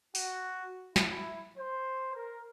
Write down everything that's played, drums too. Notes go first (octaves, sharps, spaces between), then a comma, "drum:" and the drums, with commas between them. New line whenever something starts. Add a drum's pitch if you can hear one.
F#4, drum: open hi-hat
E4, drum: snare
C5
A#4